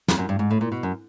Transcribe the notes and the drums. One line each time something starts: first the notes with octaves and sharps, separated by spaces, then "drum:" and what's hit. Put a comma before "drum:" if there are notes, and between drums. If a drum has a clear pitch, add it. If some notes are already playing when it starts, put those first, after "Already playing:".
F2, drum: snare
F#2
G2
G#2
A2
A#2
B2
F#2